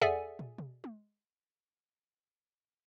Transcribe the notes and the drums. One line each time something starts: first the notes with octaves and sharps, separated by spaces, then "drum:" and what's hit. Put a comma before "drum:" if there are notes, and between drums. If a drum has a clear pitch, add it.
G#4 A4 D5 E5 F#5 G#5, drum: tom E2
drum: tom
drum: tom B2
drum: tom G#3